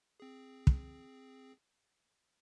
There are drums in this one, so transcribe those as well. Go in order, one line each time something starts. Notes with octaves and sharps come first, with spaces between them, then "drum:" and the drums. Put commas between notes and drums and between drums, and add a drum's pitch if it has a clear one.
C4 G#4
drum: kick